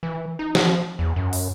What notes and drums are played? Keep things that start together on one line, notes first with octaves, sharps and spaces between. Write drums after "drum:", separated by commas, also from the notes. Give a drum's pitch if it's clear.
E3
D#4
F3, drum: snare
E2
F#2
drum: open hi-hat